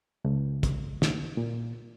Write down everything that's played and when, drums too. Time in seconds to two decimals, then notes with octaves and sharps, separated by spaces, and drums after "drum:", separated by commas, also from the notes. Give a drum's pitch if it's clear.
0.25 C#2
0.63 drum: kick, hi-hat
1.02 drum: snare
1.37 A#2